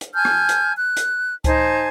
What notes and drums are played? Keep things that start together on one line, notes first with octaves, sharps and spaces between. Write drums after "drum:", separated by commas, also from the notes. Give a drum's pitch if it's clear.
drum: hi-hat
G#5 A5 F6 G6
drum: rim click
drum: hi-hat
F#6
drum: hi-hat
D#4 C5 G#5 A5, drum: kick C#2, hi-hat